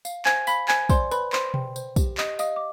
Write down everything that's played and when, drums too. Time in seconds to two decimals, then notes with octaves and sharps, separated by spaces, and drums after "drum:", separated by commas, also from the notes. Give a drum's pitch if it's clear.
0.05 F5, drum: tambourine
0.25 C5 G#5 G#6, drum: clap
0.47 F5 B5 B6, drum: tambourine
0.68 C5 G#5 G#6, drum: clap
0.89 C5 D5 C6, drum: kick, tambourine
1.11 B4 B5, drum: tambourine
1.33 B4 C5 C6, drum: clap
1.54 G5, drum: tom B2
1.76 C5, drum: tambourine
1.96 G4, drum: kick, tambourine
2.18 G4 D#5 D#6, drum: clap
2.39 D#5 F5 D#6, drum: tambourine
2.56 D6